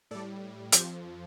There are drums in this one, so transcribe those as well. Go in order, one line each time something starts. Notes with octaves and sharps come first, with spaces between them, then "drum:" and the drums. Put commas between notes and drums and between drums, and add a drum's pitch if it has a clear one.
A2 G3 A4 D5
F2 F3 G4 C5, drum: hi-hat